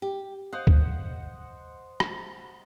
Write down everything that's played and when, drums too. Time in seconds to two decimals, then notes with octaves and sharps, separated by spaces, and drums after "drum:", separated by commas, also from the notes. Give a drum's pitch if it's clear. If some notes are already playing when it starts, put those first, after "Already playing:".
0.02 G4
0.53 C5 D#5 F5 F#5
0.67 drum: kick C#2
2.00 drum: rim click